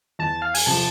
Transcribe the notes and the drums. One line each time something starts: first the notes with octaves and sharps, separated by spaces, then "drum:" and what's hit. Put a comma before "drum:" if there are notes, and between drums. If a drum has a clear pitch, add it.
E2 A5
F5
G#5, drum: open hi-hat
C3 F3 A5